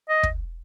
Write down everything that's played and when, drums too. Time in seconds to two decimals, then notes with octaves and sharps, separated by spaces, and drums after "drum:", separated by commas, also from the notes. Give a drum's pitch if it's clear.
0.09 D#5
0.23 drum: kick